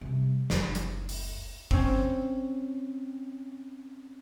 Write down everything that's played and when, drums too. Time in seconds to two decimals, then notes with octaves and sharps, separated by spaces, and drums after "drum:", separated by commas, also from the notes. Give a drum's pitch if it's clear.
0.01 C3 G3
0.50 F#1 C#2, drum: snare
0.75 drum: hi-hat
1.09 drum: open hi-hat
1.71 C4 C#4, drum: kick